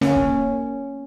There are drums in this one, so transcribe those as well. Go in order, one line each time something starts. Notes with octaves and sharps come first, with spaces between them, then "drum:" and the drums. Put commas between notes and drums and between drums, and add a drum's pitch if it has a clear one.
A#3 C#4, drum: snare
drum: kick